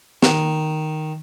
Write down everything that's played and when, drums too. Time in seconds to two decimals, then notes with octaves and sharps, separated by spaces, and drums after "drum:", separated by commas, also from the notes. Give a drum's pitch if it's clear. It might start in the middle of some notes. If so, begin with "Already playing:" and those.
0.23 D#3, drum: snare